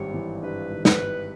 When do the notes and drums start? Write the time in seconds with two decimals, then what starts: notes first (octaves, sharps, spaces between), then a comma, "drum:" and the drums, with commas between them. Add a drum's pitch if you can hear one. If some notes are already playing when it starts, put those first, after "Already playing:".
Already playing: G#1 G2 G3 C#5
0.14 E3
0.42 G2 B4
0.71 G#1
0.85 B4, drum: snare
1.00 G3